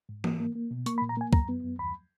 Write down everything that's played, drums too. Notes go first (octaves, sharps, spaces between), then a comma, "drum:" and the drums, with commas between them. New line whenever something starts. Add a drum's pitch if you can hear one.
G#2
A#3, drum: tom E3
A#3
A#3
B2
A#3 C#6, drum: hi-hat
B5
A#2
A#5
A#3 G#5
F#2 A#5, drum: kick
B3
F#2
D#2 B5